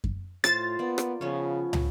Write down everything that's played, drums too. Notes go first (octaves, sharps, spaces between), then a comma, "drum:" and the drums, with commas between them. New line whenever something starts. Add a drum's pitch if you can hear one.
drum: kick F#2
A2 F4 C5 F5 A6, drum: rim click
A#3 B3 D5
drum: rim click
C#3 F3 B3 C#4
drum: tom